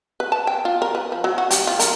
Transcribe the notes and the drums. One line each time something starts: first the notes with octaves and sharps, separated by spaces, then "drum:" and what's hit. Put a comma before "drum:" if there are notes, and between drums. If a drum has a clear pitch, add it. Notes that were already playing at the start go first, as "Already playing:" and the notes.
B4
A5
G5
F4
A#4
B4
F3
F#3
F#4
G4, drum: hi-hat
F4
A#4, drum: hi-hat